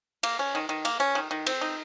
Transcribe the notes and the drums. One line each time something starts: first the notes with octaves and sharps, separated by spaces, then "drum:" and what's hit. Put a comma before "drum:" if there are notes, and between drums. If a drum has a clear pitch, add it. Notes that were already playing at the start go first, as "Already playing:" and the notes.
A#3, drum: cymbal
C#4
D#3
D#3
A#3, drum: cymbal
C#4
D#3
D#3
C4, drum: cymbal
D#4